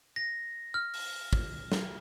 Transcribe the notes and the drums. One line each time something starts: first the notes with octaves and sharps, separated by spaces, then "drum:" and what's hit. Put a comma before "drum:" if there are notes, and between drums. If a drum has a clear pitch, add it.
A#6
F6
drum: open hi-hat
drum: kick
drum: snare